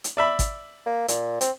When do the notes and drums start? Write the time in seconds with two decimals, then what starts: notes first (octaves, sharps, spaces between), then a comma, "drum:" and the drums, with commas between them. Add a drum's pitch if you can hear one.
0.04 drum: hi-hat
0.17 D5 E5 B5
0.39 drum: kick, hi-hat
0.86 A#3
1.08 A#2, drum: hi-hat
1.41 C4, drum: hi-hat